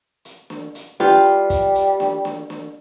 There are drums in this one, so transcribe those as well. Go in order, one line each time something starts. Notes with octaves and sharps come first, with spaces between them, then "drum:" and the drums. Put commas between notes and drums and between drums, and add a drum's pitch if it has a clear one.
drum: hi-hat
drum: snare
drum: hi-hat
G3 F4 G4 B4, drum: snare
drum: kick, hi-hat
drum: hi-hat
drum: snare
drum: snare
drum: snare